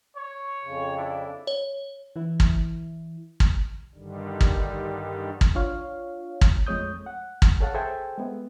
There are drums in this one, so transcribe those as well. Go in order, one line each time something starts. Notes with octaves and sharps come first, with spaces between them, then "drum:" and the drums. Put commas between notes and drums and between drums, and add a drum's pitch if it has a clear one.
C#5
F2 C#3
D4 E4
C#5
E3 E4
drum: kick
drum: kick
G2 D3 D#3 G3
drum: kick
drum: kick
D4 F4 C#5 F5
drum: kick
F2 G#3 A3 C#5 D#6 G6
F#5
drum: kick
G#4 A4 C#5 F5 F#5 A5
G#4 A4 C5 E5 G5 G#5
G#3 B3